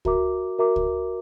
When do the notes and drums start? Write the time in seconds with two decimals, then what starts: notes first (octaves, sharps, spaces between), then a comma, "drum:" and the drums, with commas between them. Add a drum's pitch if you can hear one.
0.05 F#4 A#4 E5 A#5 D6, drum: kick C#2
0.58 F#4 A#4 E5 A#5 D6
0.76 drum: kick C#2